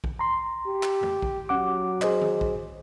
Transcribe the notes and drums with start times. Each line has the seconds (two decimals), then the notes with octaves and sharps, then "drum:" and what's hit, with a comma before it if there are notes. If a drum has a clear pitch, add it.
0.04 drum: kick
0.19 A#5 C6
0.67 G4
0.83 drum: clap
1.03 drum: tom
1.22 drum: kick
1.49 F#3 C#4 F#5 D6
2.02 G#4 C5 D#5, drum: clap
2.21 drum: tom D#3
2.41 drum: kick